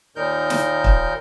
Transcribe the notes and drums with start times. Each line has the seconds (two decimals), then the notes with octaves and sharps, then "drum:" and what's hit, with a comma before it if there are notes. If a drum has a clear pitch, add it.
0.16 D#2 A#2 D#4 A#4 G6
0.50 drum: snare
0.84 drum: kick